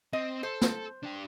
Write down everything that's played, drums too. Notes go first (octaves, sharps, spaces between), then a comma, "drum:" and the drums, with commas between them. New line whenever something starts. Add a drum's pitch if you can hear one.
C4 D#5
A4 C5
drum: snare
D4 G4